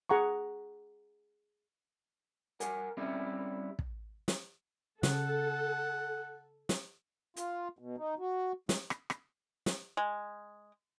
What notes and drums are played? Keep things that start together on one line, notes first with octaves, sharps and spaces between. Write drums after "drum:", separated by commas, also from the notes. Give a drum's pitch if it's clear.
G#4 F#5 A#5 C#6
A#4 F#5 G#5, drum: hi-hat
G3 C4 C#4 E4 E5
drum: kick
drum: snare
C#3 A4 F#5, drum: snare
drum: snare
F4, drum: hi-hat
B2
D#4
F#4
G#2, drum: snare
drum: rim click
drum: rim click
drum: snare
G#3